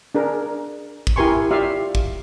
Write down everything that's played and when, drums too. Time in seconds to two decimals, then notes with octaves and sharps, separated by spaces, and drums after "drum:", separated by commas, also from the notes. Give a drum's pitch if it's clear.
0.15 D4 G#4 A#4
1.07 drum: kick
1.16 E4 G4 A#4 G#5 C6 C#6
1.51 F4 G4 D5 E5 F5
1.95 drum: kick